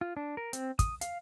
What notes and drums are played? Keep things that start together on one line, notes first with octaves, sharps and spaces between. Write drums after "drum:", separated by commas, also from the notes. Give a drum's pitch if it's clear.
F4
D4
A#4
C4, drum: hi-hat
D#6, drum: kick, hi-hat
F5, drum: hi-hat